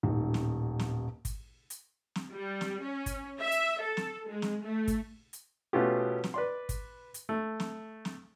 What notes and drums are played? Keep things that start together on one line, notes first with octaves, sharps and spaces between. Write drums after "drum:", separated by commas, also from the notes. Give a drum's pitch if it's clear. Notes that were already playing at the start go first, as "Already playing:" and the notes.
D#1 A1 D#3
drum: snare
drum: snare
drum: kick, hi-hat
drum: hi-hat
drum: snare
G3
drum: snare
C#4
drum: kick, hi-hat
E5
drum: hi-hat
A4
drum: snare
G#3
drum: snare
A3
drum: kick, hi-hat
drum: hi-hat
B2 A3 B3 C#4 F4 G4
drum: snare
B4 D5 C6
drum: kick, hi-hat
drum: hi-hat
A3
drum: snare
drum: snare